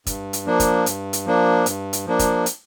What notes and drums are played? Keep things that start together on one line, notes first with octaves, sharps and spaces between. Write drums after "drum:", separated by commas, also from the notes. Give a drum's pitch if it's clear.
G2, drum: kick, hi-hat
drum: hi-hat
F3 A#3 D4
drum: kick, hi-hat
G2, drum: hi-hat
drum: hi-hat
F3 A#3 D4
G2, drum: hi-hat
drum: hi-hat
F3 A#3 D4
drum: kick, hi-hat
drum: hi-hat